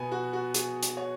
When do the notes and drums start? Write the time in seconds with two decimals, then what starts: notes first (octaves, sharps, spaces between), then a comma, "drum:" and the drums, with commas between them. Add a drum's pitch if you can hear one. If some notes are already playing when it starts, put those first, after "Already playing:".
Already playing: B2 B3 G#5
0.12 F#4
0.33 F#4
0.54 G#4, drum: hi-hat
0.83 drum: hi-hat
0.97 C#5